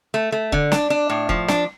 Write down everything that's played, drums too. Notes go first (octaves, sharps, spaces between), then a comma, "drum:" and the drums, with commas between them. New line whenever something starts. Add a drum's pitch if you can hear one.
A3
A3
D3, drum: kick F1
D4, drum: snare
D4
A2
F3, drum: kick F1
D4, drum: snare